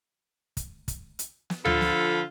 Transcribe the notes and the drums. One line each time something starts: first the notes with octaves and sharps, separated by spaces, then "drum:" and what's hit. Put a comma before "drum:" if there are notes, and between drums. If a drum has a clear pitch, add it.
drum: kick, hi-hat
drum: kick, hi-hat
drum: hi-hat
drum: snare
D3 F3 F4 A4 B5, drum: tom D2
drum: snare